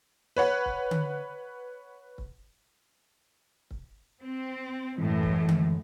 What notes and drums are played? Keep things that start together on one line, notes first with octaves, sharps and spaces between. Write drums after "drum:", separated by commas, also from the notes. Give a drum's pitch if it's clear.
B4 C#5 F#5
drum: kick C#1
drum: tom D3
drum: kick C#1
drum: kick C#1
C4
F#2 A2 E3 G#3
drum: kick C#1
drum: tom D3